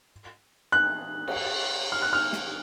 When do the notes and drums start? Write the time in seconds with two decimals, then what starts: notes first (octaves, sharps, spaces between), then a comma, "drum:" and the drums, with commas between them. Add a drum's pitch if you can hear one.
0.72 F#6
1.28 drum: cymbal
1.92 F6
2.02 F#6
2.13 F6
2.33 drum: snare